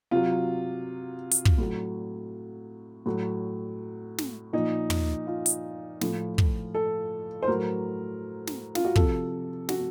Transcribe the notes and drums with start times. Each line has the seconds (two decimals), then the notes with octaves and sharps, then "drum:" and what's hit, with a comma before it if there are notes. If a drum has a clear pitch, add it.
0.11 C3 F#3 F4
1.31 drum: hi-hat
1.45 drum: kick
1.58 A2 F#3
3.06 A2 F#3
4.18 drum: snare
4.53 A#2 F3 D#4
4.90 drum: tom
5.27 F4
5.46 drum: hi-hat
6.01 A2 F3, drum: snare
6.38 drum: kick
6.75 A4
7.43 C5
7.48 A2 F#3 A#4
8.47 drum: snare
8.75 F4, drum: snare
8.85 F#4
8.96 C3 F3 A4, drum: kick
9.69 F#4, drum: snare